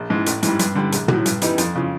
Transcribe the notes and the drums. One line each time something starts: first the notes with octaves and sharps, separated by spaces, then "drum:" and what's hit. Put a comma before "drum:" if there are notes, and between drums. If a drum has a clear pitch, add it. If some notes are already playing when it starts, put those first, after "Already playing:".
Already playing: A#1
G#2 E3
A1, drum: hi-hat
G#2 E3 G3, drum: hi-hat
G2, drum: hi-hat
D3 G3
A#1, drum: hi-hat
A2 F#3, drum: tom
G2, drum: hi-hat
E3 G3 B3 D#4, drum: hi-hat
F2, drum: hi-hat
C#3 F3